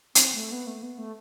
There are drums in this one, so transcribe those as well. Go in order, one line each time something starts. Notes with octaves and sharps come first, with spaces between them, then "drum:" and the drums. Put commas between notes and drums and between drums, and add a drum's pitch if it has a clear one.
C4, drum: hi-hat
A3
B3
A3
B3
A3